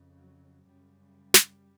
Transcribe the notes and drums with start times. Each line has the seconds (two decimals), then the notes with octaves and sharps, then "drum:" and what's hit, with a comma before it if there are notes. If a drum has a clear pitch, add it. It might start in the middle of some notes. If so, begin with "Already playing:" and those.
Already playing: F2 C#3
0.17 F#3
0.64 F#2 C#3 G3
1.34 drum: snare